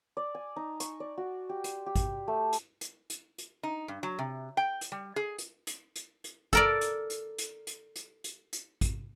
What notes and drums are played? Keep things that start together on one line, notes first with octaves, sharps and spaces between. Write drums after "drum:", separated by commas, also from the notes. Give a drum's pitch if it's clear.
D5
G#5
D#4
C#6, drum: hi-hat
D5
F#4
G4
C6, drum: hi-hat
G4
drum: kick, hi-hat
A3
drum: hi-hat
drum: hi-hat
drum: hi-hat
drum: hi-hat
D#4
G2
F#3
C3
G5
drum: hi-hat
G3
G#4
drum: hi-hat
drum: hi-hat
drum: hi-hat
drum: hi-hat
A4 A#4 D5, drum: kick
drum: hi-hat
drum: hi-hat
drum: hi-hat
drum: hi-hat
drum: hi-hat
drum: hi-hat
drum: hi-hat
drum: kick, hi-hat